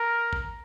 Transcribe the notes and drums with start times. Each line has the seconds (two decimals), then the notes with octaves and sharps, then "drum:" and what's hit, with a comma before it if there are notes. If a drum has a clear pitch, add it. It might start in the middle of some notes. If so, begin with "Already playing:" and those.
Already playing: A#4
0.33 drum: kick G#1